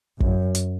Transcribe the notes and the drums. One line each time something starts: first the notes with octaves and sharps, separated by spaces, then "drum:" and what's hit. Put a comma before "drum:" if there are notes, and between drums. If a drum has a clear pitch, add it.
F#2, drum: kick
drum: hi-hat